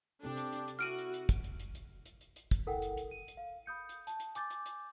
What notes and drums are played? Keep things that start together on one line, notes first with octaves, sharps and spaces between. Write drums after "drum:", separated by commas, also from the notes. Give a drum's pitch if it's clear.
C3 C4 D4 G4 A4
drum: hi-hat
drum: hi-hat
drum: hi-hat
E4 F#4 F6 D7 D#7
drum: hi-hat
drum: hi-hat
drum: kick, hi-hat
drum: hi-hat
drum: hi-hat
drum: hi-hat
drum: hi-hat
drum: hi-hat
drum: hi-hat
drum: kick, hi-hat
E4 A4 A#4 F#5 G5
drum: hi-hat
drum: hi-hat
D#7
drum: hi-hat
F5
B5 D#6 G6 C#7
drum: hi-hat
A5, drum: hi-hat
drum: hi-hat
G#5 D6 G6 A6, drum: hi-hat
drum: hi-hat
drum: hi-hat